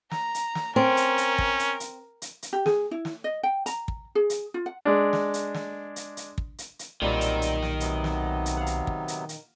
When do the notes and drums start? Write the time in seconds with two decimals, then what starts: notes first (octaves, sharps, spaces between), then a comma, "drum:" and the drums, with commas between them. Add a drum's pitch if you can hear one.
0.11 A#5, drum: snare
0.34 drum: hi-hat
0.55 drum: snare
0.76 C4 C#4 A#4
0.97 drum: hi-hat
1.18 drum: hi-hat
1.38 drum: kick
1.59 drum: hi-hat
1.80 drum: hi-hat
2.22 drum: hi-hat
2.42 drum: hi-hat
2.53 G4
2.66 G#4, drum: snare
2.91 E4
3.05 drum: snare
3.24 D#5
3.43 G5
3.66 A#5, drum: hi-hat
3.88 drum: kick
4.15 G#4
4.30 drum: hi-hat
4.54 F4
4.66 F#5
4.85 G#3 D4
5.13 drum: snare
5.34 drum: hi-hat
5.54 drum: snare
5.96 drum: hi-hat
6.17 drum: hi-hat
6.38 drum: kick
6.58 drum: hi-hat
6.79 drum: hi-hat
7.02 B1 A#2 D#3 F#3 G3 C4 D#4 D5
7.21 drum: hi-hat
7.42 drum: hi-hat
7.62 drum: snare
7.80 C3 F#3 B3, drum: hi-hat
8.04 drum: snare
8.46 drum: hi-hat
8.57 F5 F#5
8.66 drum: hi-hat
8.87 drum: kick
9.08 drum: hi-hat
9.29 drum: hi-hat